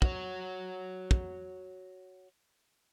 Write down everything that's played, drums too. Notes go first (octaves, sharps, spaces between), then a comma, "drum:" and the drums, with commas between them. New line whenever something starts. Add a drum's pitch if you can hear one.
F#4 C#5, drum: kick
drum: kick